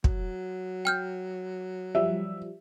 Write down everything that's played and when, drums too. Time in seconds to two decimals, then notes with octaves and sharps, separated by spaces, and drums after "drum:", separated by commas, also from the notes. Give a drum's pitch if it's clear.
0.04 F#3, drum: kick
0.85 G5 F6 G6
1.95 F3 G3 E5